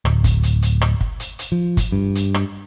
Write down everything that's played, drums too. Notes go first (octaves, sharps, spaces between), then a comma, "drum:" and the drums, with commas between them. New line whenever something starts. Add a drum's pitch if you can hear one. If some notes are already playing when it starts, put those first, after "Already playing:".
D1, drum: rim click
drum: kick, hi-hat
drum: hi-hat
drum: hi-hat
drum: rim click
drum: kick
drum: hi-hat
drum: hi-hat
F3
drum: kick, hi-hat
G2
drum: hi-hat
drum: rim click